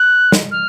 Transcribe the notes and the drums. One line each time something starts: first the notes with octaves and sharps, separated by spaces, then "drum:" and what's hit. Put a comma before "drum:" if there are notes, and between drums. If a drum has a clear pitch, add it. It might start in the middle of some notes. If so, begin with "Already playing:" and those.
Already playing: F#6
drum: snare
F6